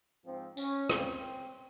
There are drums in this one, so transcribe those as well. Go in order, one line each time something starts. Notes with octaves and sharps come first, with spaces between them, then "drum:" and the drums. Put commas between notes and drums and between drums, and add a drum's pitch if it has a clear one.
G#2 F3 C4
C#4, drum: tambourine
C#3 F3 A#3 C4, drum: rim click